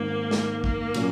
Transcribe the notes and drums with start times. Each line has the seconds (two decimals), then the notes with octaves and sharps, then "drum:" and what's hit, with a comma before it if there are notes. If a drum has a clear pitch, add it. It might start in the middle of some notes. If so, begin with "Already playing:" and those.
Already playing: G#1 G#2 D#3 A#3
0.31 drum: snare
0.64 A#3, drum: kick A#1
0.94 A#2 F#3 C#4, drum: cymbal